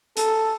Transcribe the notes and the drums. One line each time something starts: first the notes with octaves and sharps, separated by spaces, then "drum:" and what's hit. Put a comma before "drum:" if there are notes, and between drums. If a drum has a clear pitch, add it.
A4, drum: hi-hat